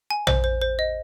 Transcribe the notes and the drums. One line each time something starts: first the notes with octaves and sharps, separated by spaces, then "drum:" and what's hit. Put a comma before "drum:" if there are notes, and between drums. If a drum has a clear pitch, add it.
G#5
C5, drum: tom A#1
C5
C5
D#5